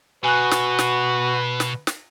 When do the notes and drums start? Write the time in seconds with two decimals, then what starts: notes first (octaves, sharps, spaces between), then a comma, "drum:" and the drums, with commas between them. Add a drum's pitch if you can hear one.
0.24 B2 F#4 B4 G#5 F#6
0.51 drum: snare
0.79 drum: snare
1.60 drum: snare
1.87 drum: snare